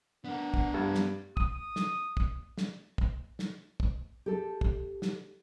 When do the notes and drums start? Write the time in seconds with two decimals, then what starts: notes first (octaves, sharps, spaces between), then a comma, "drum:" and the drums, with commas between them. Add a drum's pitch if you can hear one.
0.25 B3 D4 A#4 F#5
0.54 drum: kick
0.74 G2
0.94 drum: snare
1.37 D#6, drum: kick
1.76 drum: snare
2.17 drum: kick
2.58 drum: snare
2.98 drum: kick
3.39 drum: snare
3.80 drum: kick
4.26 G4 A4
4.61 drum: kick
5.02 drum: snare